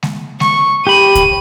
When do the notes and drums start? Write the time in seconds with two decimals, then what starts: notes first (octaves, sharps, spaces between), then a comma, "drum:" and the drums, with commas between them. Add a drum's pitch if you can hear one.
0.03 drum: snare G#3
0.40 C#6, drum: snare G#3
0.87 G4 B5 D#7
1.15 drum: kick C#2, hi-hat